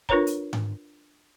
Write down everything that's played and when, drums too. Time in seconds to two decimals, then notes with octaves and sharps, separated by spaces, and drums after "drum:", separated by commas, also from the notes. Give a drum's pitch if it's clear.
0.09 D4 F4 A#4 B4 C#5 A#5, drum: kick
0.27 drum: hi-hat
0.53 drum: tom G#2